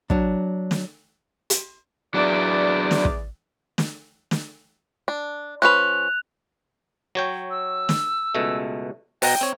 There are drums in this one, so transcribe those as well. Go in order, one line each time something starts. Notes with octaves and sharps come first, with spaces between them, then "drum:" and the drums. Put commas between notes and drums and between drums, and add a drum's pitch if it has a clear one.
F#3 D4, drum: kick
drum: snare
drum: hi-hat
E2 F#3 D4 D5
drum: snare
drum: kick
drum: snare
drum: snare
D4
F3 C#4 B4 F#6 F7
F#3 C#5 G5
E6
drum: snare
C#2 B2 A3
B2 F#5 G5 A#5, drum: open hi-hat
C4 C#5